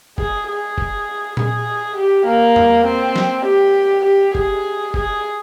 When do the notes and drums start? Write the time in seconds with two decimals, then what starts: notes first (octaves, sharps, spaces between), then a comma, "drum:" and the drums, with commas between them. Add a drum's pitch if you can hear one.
0.18 G#4, drum: kick
0.47 G#4
0.78 drum: kick
1.37 G#4, drum: tom A#2
1.97 G4
2.26 A#3
2.56 drum: tom E2
2.86 C4
3.16 drum: snare
3.46 G4
4.05 G4
4.35 G#4, drum: kick
4.94 G#4, drum: kick